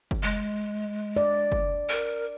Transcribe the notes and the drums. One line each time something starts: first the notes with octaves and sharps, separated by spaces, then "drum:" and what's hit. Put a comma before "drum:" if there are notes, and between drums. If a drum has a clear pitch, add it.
drum: kick F#1
G#3
D5
drum: kick F#1
A#4